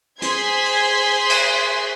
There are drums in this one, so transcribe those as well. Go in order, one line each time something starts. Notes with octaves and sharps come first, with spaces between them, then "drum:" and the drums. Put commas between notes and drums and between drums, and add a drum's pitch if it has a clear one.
G#4 C5 C6 G#6 B6, drum: hi-hat
drum: open hi-hat
drum: cymbal